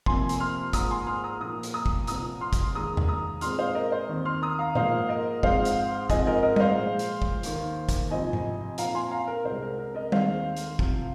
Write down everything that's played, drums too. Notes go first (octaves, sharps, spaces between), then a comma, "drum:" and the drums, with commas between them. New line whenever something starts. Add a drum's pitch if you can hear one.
F2 C3 F3 A#3 G#5 C6, drum: kick
drum: hi-hat
C6 F6
G#2 F3 A#3 A#5 D#6, drum: kick, hi-hat
G#5 C6
C6 F6
A#5 D#6
A#2 F3 A#3 A#5 D#6
drum: hi-hat
A#5 D#6
drum: kick
C2 A#2 F3 A#5 D#6, drum: hi-hat
C6 F6
drum: kick, hi-hat
D#2 D#3 G#3 A#5 D#6
drum: tom E2
A#5 D#6
A#2 G#3 C4 C6 F6, drum: hi-hat
C5 F5
A#4 D#5
C5
D#2 D#3 C4
C6 F6
A#5 D#6
F5 A#5
G#2 F3 A#3 C5 F5, drum: tom
A#4 D#5
G#2 F3 G#3 C4 C5 F5, drum: kick
drum: hi-hat
G#2 F3 C4 D#5 G#5, drum: kick, hi-hat
A#4 D#5
A#4 D#5
D#5, drum: tom
C5 F5
A#2 F3 G#3
drum: hi-hat
drum: kick
D#2 D#3 A#3, drum: hi-hat
drum: kick, hi-hat
F2 C3 F3 C4 D#5 G#5
drum: tom G#2
A#2 F3 C4 F5 A#5, drum: hi-hat
G#5 C6
F5 A#5
A#4
C2 C3 G#3 C5
A#4
A#4
A#4 D#5
D#2 D#3 G#3 C4 C5 F5, drum: tom
drum: hi-hat
C2 C3 F3, drum: kick